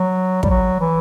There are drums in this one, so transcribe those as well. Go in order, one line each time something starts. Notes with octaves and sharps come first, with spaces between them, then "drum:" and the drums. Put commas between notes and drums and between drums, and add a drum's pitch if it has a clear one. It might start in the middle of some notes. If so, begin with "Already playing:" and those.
Already playing: F#3
G3, drum: kick
F#3
E3